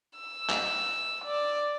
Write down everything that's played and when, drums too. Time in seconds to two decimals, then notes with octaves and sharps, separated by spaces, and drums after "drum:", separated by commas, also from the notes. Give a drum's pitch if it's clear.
0.19 E6
0.49 drum: clap
1.24 D5